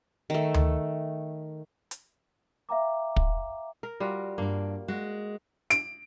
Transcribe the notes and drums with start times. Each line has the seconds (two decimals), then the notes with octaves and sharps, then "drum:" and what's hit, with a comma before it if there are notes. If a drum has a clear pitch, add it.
0.30 D#3 A3
0.54 drum: tom D2
1.91 drum: hi-hat
2.69 E5 F5 G5 A#5 D6
3.16 drum: kick
3.83 A#4
4.00 G3 F4 F#4
4.38 G2 A#3 D5
4.88 G#3 F#4
5.70 D7, drum: hi-hat